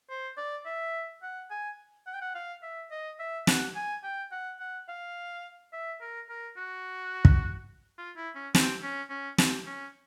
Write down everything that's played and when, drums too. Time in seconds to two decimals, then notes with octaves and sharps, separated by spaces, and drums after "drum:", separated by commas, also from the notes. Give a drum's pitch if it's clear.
0.10 C5
0.37 D5
0.66 E5
1.23 F#5
1.51 G#5
2.07 F#5
2.14 G5
2.21 F#5
2.35 F5
2.63 E5
2.91 D#5
3.19 E5
3.47 F#5, drum: snare
3.76 G#5
4.03 G5
4.32 F#5
4.60 F#5
4.89 F5
5.73 E5
6.01 A#4
6.29 A#4
6.57 F#4
7.25 drum: kick
7.98 F4
8.16 E4
8.35 C#4
8.55 C4, drum: snare
8.82 C#4
9.10 C#4
9.38 C4, drum: snare
9.66 C#4